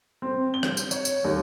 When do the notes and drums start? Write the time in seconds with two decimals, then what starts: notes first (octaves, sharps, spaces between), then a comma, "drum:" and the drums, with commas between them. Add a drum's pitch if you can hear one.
0.22 C4
0.54 G7
0.63 drum: rim click
0.77 drum: tambourine
0.91 C#5, drum: tambourine
1.05 drum: tambourine
1.24 D#2